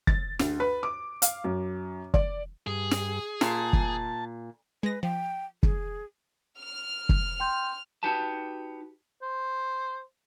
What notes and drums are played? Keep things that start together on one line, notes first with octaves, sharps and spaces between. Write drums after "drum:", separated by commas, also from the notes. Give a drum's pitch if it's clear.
A6, drum: kick
D2, drum: snare
B4
D6
F5, drum: hi-hat
F#2
D5, drum: kick
G2 G#4
drum: snare
A#2 A5, drum: snare
drum: kick
G#3 B4 A#6
F3 G5
G#4, drum: kick
F6
drum: kick
G5 C6 G6
D#4 F#4 G4 B4 A5
C5